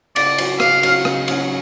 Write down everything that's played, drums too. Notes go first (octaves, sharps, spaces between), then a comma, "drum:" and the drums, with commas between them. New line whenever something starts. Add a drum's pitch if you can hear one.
C#3 D5, drum: cymbal
F#3 C#4 F#4, drum: cymbal
C#3 F5, drum: rim click
F#3 C#4 F#4, drum: cymbal
C#3, drum: rim click
F#3 C#4 F#4, drum: cymbal